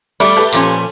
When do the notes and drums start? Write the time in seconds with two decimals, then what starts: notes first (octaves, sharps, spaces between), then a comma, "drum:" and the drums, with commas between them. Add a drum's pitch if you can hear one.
0.20 G3 A3 D5, drum: cymbal
0.37 G4 A4 B4
0.53 A#2 F3 C#4, drum: hi-hat